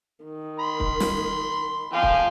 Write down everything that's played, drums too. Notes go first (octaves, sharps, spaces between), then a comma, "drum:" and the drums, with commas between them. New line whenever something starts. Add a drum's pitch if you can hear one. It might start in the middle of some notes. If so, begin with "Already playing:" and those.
D#3
B5 C6
drum: kick
drum: snare
F3 F5 G5 G#5
drum: kick